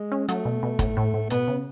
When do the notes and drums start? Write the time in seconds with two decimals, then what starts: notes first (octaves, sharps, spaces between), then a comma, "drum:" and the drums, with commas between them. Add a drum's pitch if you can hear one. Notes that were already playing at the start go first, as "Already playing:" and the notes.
Already playing: G#3
0.12 C#4
0.28 F#3 A3, drum: hi-hat
0.45 B2
0.63 B2
0.79 A2, drum: kick, hi-hat
0.97 A2
1.14 A2
1.30 B2 B3, drum: hi-hat
1.48 C#3